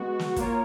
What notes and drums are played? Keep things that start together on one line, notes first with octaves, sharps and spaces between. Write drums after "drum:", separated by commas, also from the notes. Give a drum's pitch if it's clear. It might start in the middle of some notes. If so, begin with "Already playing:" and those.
Already playing: G#3 B3 F#4
drum: snare
A#3 F4 A#4 C#5, drum: kick, hi-hat